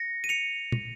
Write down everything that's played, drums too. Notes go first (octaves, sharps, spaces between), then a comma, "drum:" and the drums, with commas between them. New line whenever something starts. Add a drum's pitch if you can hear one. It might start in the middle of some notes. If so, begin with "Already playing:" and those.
Already playing: A#6 C#7
D#7
C#7 F7
drum: tom